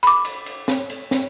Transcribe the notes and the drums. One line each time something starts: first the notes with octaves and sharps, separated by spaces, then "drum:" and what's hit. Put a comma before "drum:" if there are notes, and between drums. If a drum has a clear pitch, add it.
B5 D6, drum: cymbal
drum: cymbal
drum: cymbal
drum: snare
drum: cymbal
drum: snare